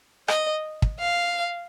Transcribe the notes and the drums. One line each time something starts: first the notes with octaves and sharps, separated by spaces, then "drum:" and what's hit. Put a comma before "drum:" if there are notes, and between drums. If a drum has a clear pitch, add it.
D#5, drum: rim click
drum: kick
F5